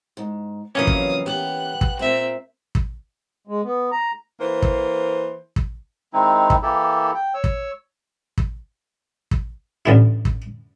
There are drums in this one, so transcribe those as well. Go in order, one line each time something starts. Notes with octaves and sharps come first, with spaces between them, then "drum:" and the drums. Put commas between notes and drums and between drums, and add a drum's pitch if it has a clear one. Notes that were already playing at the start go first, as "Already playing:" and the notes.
G#2
F2 C#3 E3 F#3 A#3 C#4 F5 D#6
drum: kick
B3 G4 F#6
drum: kick
A#2 A#3 C4 E5
drum: kick
G#3
B3
A#5
E3 A#3 C5
drum: kick
drum: kick
D#3 G#3 C4 D#4 E4
drum: kick
E3 A#3 E4 G4 A4
G5
C#5 E6
drum: kick
drum: kick
drum: kick
A1 D3 E4
drum: kick